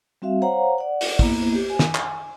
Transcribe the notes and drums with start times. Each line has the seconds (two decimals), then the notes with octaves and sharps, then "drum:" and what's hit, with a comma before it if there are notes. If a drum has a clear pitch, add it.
0.22 G3 C4 F#4 E5 F5
0.42 C5 C#5 F5 F#5 A#5
0.78 D5 F#5
1.01 drum: open hi-hat
1.19 A#3 B3 E4, drum: kick
1.55 G4
1.70 G#5
1.79 drum: snare
1.95 drum: clap